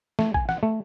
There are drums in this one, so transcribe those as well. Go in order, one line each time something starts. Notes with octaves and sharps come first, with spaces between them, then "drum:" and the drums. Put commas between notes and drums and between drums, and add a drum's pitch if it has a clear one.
A3, drum: snare
G#5, drum: kick
F#5, drum: snare
A3